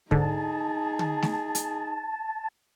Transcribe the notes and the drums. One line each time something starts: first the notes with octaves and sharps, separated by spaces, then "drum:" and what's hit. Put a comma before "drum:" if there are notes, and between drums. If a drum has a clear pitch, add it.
G#2 D3 D#4 G#4 A5, drum: kick
drum: tom D3
drum: snare A3
drum: hi-hat